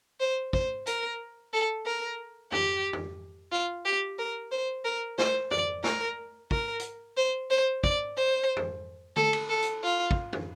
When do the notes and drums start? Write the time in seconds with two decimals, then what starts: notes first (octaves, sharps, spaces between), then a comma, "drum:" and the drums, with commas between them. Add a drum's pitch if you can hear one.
0.20 C5
0.53 C5, drum: kick
0.87 A#4, drum: hi-hat
1.53 A4
1.86 A#4
2.52 G4, drum: tom
2.93 drum: tom
3.52 F4
3.85 G4
4.18 A#4
4.51 C5
4.85 A#4
5.18 C5, drum: snare
5.51 D5, drum: tom
5.84 A#4, drum: snare
6.51 A#4, drum: kick
6.80 drum: hi-hat
7.17 C5
7.50 C5
7.84 D5, drum: kick
8.17 C5
8.56 drum: tom
9.16 A4, drum: tom D3
9.33 drum: cymbal
9.49 A4
9.62 drum: hi-hat
9.83 F4
10.11 drum: kick
10.33 drum: tom